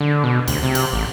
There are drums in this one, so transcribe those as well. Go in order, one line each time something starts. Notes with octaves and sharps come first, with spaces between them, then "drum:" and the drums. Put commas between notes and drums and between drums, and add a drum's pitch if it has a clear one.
D3
B2
D2, drum: cymbal
C3
drum: cymbal
A1